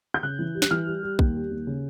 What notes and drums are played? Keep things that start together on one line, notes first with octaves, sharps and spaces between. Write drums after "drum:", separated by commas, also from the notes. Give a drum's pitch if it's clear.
G6
C#3 F#6
E3
G3
F#6, drum: snare
E3 F6
G3
G3
D#2, drum: kick A#1
G3
D#2
C#3